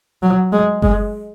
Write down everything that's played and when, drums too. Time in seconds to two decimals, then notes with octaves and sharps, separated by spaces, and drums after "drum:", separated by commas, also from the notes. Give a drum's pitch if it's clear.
0.22 F#3
0.52 G#3
0.82 G#3, drum: kick F#1